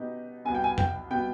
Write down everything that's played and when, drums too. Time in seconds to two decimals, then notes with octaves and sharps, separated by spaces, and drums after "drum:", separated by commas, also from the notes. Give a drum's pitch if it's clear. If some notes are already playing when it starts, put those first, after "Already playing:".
Already playing: B2 B3 D#4 G4
0.45 C2 B2 G3 B3 G#5
0.55 G5
0.64 G#5
0.78 G5, drum: tom
1.11 B2 G3 B3 G5